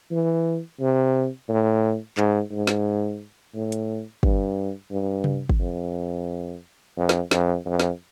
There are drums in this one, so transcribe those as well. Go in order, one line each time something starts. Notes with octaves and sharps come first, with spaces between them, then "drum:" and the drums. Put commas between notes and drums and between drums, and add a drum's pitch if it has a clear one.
E3
C3
A2
G#2, drum: clap
G#2
drum: snare
A2
drum: hi-hat
G2, drum: kick
G2
drum: tom C3
drum: kick
F2
F2
drum: snare
F2, drum: snare
F2
drum: snare